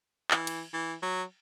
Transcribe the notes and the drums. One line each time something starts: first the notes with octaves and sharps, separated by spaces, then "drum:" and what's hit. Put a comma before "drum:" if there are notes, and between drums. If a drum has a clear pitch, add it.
E3, drum: clap
drum: cymbal
E3
F#3